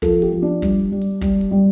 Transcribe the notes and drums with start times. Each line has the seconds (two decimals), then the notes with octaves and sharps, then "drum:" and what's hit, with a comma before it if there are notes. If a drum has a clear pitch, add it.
0.02 F3 A4, drum: kick
0.22 G4, drum: hi-hat
0.32 F3
0.42 D4
0.62 G3, drum: kick, open hi-hat
0.92 G3
1.02 drum: open hi-hat
1.21 G3, drum: kick
1.41 drum: hi-hat
1.51 G3